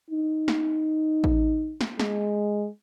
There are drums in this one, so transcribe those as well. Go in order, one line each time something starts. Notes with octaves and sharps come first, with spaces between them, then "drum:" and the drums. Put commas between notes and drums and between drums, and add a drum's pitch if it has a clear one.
D#4
drum: snare
drum: kick A1
drum: snare
G#3, drum: snare